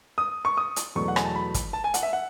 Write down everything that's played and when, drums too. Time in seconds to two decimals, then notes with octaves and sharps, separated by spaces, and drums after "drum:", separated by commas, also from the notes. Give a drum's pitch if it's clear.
0.18 D#6
0.45 C#6
0.57 D#6
0.76 drum: hi-hat
0.95 E2 B2 F#3 A3 C#6
1.08 F#5
1.16 G#5, drum: rim click
1.25 A5
1.35 B5
1.54 drum: kick, hi-hat
1.73 A5
1.84 G#5
1.94 F#5, drum: hi-hat
2.03 E5
2.13 F#5